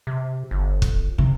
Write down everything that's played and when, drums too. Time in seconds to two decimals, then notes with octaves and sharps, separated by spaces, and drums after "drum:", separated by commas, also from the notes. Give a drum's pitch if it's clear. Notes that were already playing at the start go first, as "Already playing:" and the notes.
0.07 C3
0.51 G1
0.82 drum: kick
1.18 C3